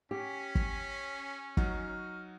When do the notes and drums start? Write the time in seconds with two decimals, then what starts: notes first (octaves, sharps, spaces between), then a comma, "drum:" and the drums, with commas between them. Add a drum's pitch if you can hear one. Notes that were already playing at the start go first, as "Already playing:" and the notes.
0.11 C#4 G4 B6
0.55 drum: kick
1.57 F#3 D#4 F#4 F6, drum: kick